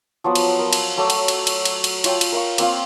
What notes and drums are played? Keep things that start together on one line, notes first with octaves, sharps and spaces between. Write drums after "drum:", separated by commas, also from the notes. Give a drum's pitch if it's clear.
F3 F#3 B3 F#5
drum: cymbal
A#4
drum: cymbal
F#3 A3 D6
drum: cymbal
drum: cymbal
drum: cymbal
drum: cymbal
drum: cymbal
F4 C#5 G5 A5, drum: cymbal
drum: cymbal
A#4 F5 C#6
A#3 C4 F4 F5, drum: cymbal